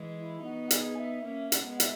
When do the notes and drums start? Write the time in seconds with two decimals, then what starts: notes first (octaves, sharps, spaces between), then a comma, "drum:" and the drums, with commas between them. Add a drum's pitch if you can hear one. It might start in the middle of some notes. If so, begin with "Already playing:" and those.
Already playing: E3 G#3
0.16 E4
0.42 B3 D#4 F#4
0.71 G#4, drum: hi-hat
0.97 E5
1.24 A#3 C#4 E5
1.52 F#5, drum: hi-hat
1.65 G#3 B3
1.80 E5, drum: hi-hat